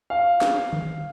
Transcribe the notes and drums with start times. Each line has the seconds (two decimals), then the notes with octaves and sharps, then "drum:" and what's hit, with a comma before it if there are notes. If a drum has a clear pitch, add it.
0.10 F5
0.41 drum: snare
0.73 drum: tom D3